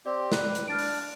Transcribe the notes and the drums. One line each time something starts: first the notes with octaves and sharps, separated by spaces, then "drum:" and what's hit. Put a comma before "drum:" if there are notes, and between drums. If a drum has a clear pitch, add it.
C4 G4 D5
B4, drum: snare
drum: hi-hat
D4 F6 A6 D7
drum: open hi-hat